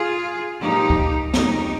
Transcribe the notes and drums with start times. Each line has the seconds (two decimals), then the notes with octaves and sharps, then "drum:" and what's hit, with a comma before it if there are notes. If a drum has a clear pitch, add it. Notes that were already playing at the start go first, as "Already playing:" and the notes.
Already playing: F4 G#4
0.61 A#2 F3 G#3 D#4 G4
0.90 drum: kick C#2
1.34 F2 C#3 G3 A#3 D#4 G4, drum: snare